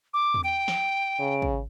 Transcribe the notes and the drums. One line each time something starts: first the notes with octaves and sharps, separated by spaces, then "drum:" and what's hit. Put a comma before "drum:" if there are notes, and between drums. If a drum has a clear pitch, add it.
D6
drum: tom E2
G5 D7
drum: snare
C#3
drum: kick